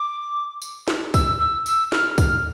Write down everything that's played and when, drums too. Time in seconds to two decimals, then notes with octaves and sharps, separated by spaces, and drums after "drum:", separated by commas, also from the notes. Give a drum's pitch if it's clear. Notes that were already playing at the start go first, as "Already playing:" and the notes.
Already playing: D6
0.62 drum: tambourine
0.88 drum: snare
1.14 E6, drum: kick, tambourine
1.40 E6
1.66 E6, drum: tambourine
1.92 F6, drum: snare
2.18 F6, drum: kick, tambourine